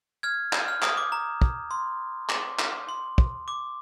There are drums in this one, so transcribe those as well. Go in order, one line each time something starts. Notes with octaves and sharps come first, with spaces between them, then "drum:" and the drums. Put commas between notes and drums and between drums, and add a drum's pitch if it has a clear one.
F6 G#6
G6, drum: clap
F6
D#6, drum: clap
D6
A#5
drum: kick
C6
D6, drum: clap
drum: clap
C6
drum: kick
D6